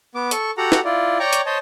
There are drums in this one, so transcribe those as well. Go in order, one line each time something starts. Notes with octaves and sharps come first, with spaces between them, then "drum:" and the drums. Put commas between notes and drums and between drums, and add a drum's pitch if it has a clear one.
B3 D6
A4 C#6, drum: hi-hat
F#4 G4 A4 F#5 A#5
drum: snare
E4 F4 D5
C#5 D5 G5 A#5 C#6 D6
drum: hi-hat
C5 C#5 D#5 A5